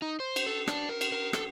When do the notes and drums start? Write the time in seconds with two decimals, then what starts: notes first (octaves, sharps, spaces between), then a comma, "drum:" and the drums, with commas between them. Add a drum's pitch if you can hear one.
0.02 D#4
0.20 C5
0.36 drum: cymbal
0.46 A4
0.68 D4, drum: rim click
0.89 A#4
1.01 drum: cymbal
1.12 A#4
1.33 A4, drum: rim click